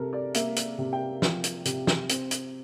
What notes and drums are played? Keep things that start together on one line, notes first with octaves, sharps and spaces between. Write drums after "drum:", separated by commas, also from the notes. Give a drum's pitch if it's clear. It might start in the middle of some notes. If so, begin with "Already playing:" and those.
Already playing: C3 A4 A#4
D5
A#3 E5, drum: hi-hat
drum: hi-hat
C3
G5
F3, drum: snare
drum: hi-hat
C3, drum: hi-hat
drum: snare
C4, drum: hi-hat
drum: hi-hat